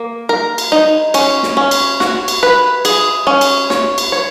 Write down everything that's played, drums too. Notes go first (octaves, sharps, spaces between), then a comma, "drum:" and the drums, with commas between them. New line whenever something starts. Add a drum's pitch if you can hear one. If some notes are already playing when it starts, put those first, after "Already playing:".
Already playing: A#3
A#4
drum: cymbal
D#4
C#4, drum: cymbal
drum: snare
C#4
drum: cymbal
F#4, drum: snare
drum: cymbal
B4
G#4, drum: cymbal
C#4
drum: cymbal
C#5, drum: snare
drum: cymbal
C#5